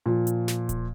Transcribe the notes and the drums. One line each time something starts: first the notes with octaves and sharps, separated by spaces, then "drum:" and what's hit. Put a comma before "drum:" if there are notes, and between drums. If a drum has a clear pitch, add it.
A#2 F3
drum: hi-hat
drum: snare
drum: kick D1, hi-hat